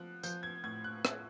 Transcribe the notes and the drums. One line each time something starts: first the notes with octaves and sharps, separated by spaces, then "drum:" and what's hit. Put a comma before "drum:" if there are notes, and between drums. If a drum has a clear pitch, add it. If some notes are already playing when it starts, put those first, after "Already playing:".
Already playing: F3 F#6
F3 G6, drum: tambourine
G#6
A2 G#6
F#6
drum: rim click